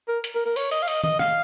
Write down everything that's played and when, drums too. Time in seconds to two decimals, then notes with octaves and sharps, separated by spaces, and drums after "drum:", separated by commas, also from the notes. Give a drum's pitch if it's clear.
0.08 A#4
0.24 drum: hi-hat
0.35 A#4
0.45 A#4
0.56 C#5, drum: open hi-hat
0.71 D#5, drum: open hi-hat
0.82 F5
0.88 D#5, drum: open hi-hat
1.04 D#5, drum: tom
1.19 F5, drum: rim click